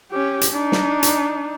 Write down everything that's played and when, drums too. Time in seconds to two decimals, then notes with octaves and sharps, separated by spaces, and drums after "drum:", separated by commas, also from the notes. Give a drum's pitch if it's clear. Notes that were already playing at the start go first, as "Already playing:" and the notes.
0.11 C#4 G4
0.41 drum: hi-hat
0.51 D4 D#4
0.72 drum: snare
1.03 drum: hi-hat